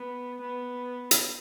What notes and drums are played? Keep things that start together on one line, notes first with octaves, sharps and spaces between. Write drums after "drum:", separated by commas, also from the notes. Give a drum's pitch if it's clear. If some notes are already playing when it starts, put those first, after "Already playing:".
Already playing: B3
B3
drum: hi-hat